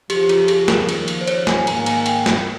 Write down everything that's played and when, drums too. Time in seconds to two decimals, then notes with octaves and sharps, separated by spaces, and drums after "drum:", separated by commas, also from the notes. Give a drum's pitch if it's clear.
0.10 F2 C#3 F3 G4, drum: cymbal
0.23 G4
0.29 F4, drum: cymbal
0.48 G#4, drum: cymbal
0.68 A#4, drum: snare
0.89 D#2 C#3 F3, drum: cymbal
1.08 drum: cymbal
1.21 C5
1.27 C#5, drum: cymbal
1.47 G#5, drum: snare
1.67 G#2 D#3 A#3 A#5, drum: cymbal
1.76 G#5
1.86 A#5, drum: cymbal
1.97 G#5
2.06 G5, drum: cymbal
2.26 drum: snare